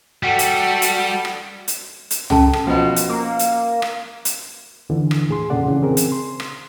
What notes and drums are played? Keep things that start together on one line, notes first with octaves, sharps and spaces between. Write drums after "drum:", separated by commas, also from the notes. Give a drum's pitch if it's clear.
G3 F#4 A4
drum: hi-hat
drum: hi-hat
drum: rim click
drum: hi-hat
drum: hi-hat
C#4 A4 A5, drum: tom
drum: rim click
B2 F3
drum: hi-hat
A#3
drum: hi-hat
drum: rim click
drum: hi-hat
D#2 D3 E3
drum: rim click
A2 G#4 C6
F2 A#2 C#3 A4 D5 F#5
C#3 E3
C4 G#4 A#4
drum: hi-hat
C6
drum: rim click